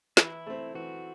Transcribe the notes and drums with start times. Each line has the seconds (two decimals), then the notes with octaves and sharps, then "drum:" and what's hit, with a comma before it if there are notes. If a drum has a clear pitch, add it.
0.17 E3 E4, drum: snare
0.47 A3 C4
0.75 E3 F#4